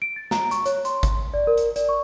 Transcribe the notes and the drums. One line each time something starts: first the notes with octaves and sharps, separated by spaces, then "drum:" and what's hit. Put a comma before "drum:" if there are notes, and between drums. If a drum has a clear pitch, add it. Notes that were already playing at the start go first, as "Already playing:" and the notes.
D7
A6
A#5, drum: snare
C#6, drum: hi-hat
C#5, drum: hi-hat
C6, drum: hi-hat
drum: kick G#1, hi-hat
D5
A#4
drum: hi-hat
D5, drum: hi-hat
C#6